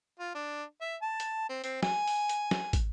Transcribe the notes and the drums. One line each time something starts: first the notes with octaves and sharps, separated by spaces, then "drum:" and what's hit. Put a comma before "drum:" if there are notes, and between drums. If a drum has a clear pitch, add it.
F4
D4
E5
A5
drum: hi-hat
C4
C4, drum: hi-hat
G#5, drum: snare
drum: open hi-hat
drum: hi-hat
drum: snare
drum: kick, hi-hat